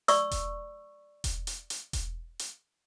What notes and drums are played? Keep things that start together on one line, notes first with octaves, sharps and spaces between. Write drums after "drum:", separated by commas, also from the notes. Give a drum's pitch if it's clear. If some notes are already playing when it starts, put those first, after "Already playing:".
D5 C#6 E6, drum: hi-hat
drum: kick E1, hi-hat
drum: kick E1, hi-hat
drum: hi-hat
drum: hi-hat
drum: kick E1, hi-hat
drum: hi-hat